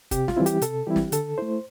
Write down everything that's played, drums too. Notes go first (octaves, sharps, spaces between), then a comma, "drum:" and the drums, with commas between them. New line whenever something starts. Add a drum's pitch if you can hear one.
C3 G4, drum: kick, hi-hat
F4, drum: snare
E3 G3 C4 E4
G4, drum: hi-hat
C3 A4, drum: hi-hat
E3 G3 C4 E4 G4
drum: snare
D3 A4, drum: hi-hat
A3 E4 C5